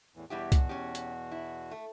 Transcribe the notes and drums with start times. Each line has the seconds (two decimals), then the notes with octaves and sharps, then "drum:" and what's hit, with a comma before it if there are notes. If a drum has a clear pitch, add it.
0.16 E2 A2 E3
0.30 E2 B2 G3 E4 F#4 G4
0.52 drum: kick C2, hi-hat
0.69 C#4 G4
0.95 drum: hi-hat
1.31 E4
1.71 A3